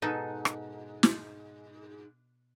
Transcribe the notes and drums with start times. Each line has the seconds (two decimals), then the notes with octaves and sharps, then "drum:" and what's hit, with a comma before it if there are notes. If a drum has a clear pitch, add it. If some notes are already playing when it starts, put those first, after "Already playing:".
0.02 G#2 B2 D#4 A4
0.45 drum: rim click
1.03 drum: snare